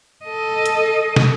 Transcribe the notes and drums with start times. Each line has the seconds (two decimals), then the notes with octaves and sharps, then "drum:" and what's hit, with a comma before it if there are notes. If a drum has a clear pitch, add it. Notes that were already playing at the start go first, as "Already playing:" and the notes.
0.25 A4 D#5
0.66 drum: hi-hat
1.16 drum: snare